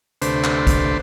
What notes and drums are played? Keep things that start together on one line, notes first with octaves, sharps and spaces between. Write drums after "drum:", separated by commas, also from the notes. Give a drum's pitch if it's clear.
D2 C3 A3 D4 B4 C5, drum: hi-hat
drum: clap
drum: kick A#1, hi-hat